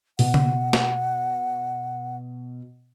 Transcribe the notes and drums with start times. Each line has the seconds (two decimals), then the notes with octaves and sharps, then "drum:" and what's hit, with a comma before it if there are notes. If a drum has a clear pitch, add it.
0.19 B2 F#5, drum: open hi-hat
0.34 drum: tom C#3
0.73 drum: snare